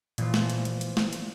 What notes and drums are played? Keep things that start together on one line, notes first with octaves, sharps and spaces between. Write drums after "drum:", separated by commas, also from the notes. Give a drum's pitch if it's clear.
A#2 E3 F3 F4, drum: hi-hat
drum: snare
drum: hi-hat
drum: hi-hat
drum: hi-hat
drum: snare
drum: hi-hat